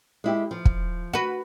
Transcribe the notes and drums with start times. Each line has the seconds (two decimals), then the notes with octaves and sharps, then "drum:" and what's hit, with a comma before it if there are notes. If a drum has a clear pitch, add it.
0.24 G#3 E4 G4
0.51 F3
0.65 drum: kick
1.14 F#4 B4